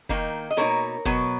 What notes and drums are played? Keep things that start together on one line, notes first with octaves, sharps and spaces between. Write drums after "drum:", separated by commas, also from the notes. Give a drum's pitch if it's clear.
D#3 A#3 D#4, drum: kick
D#5
B2 A#3 D#4 A#4 C#5
B2 F#3 B3, drum: kick